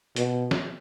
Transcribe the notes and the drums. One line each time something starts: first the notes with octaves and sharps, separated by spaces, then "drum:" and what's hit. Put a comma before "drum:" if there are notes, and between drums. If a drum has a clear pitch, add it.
B2, drum: hi-hat
drum: snare